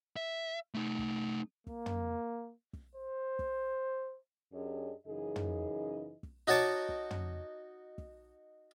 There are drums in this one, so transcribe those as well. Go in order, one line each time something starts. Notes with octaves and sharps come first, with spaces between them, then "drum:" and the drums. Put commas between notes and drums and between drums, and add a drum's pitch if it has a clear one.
E5
A3 D#4
drum: kick
A#3, drum: kick
drum: tom
drum: kick
C5
drum: kick
F#2 D4 G4 G#4 C#5 D#5
F#2 C#3 E3 D#4 G#4 D#5
drum: tom
drum: kick
D#4 F#4 C#5 A5 C#6 D6
drum: kick
drum: tom
drum: kick